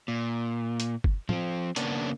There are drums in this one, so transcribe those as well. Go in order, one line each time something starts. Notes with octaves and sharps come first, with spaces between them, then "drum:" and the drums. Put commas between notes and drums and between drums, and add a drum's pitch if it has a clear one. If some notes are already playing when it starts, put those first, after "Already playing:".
A#2
drum: hi-hat
drum: kick F#1
F3 C4, drum: tom
C#3 A#3 B3 C#4 D4, drum: hi-hat